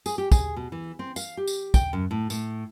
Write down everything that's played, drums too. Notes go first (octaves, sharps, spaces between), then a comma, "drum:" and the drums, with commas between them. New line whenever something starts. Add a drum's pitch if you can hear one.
G#4, drum: tambourine
G4
G#4, drum: kick, tambourine
B2
E3
C4
F5, drum: tambourine
G4
drum: tambourine
G5, drum: kick, tambourine
F#2
A2
A2, drum: tambourine